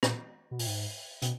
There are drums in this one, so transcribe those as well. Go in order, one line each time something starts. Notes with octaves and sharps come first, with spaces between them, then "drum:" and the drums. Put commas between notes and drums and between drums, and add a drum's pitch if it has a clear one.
A#2, drum: rim click
B2
A#2, drum: open hi-hat
G#2
B2, drum: hi-hat